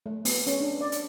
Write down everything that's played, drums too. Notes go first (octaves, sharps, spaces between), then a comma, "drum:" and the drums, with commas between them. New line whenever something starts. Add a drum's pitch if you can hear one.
A3
B3, drum: open hi-hat
C#4, drum: hi-hat
D4
D5
drum: hi-hat